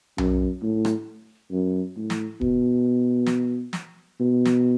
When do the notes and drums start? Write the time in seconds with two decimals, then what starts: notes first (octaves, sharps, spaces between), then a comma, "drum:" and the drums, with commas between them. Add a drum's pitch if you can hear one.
0.18 F#2, drum: tom B1
0.63 A2
0.85 drum: rim click
1.51 F#2
1.97 A2
2.10 drum: snare
2.41 B2, drum: kick D#1
3.26 drum: snare
3.73 drum: snare
4.20 B2
4.45 drum: snare